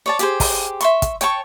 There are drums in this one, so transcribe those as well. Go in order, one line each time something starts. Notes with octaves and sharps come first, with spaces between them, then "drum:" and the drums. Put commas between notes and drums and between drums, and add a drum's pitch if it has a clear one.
C#5 D5 A5
G4 G#4 C5, drum: hi-hat
drum: kick, open hi-hat
E5 C6 C#6, drum: hi-hat
drum: kick, hi-hat
C#5 G5 A5 C#6, drum: hi-hat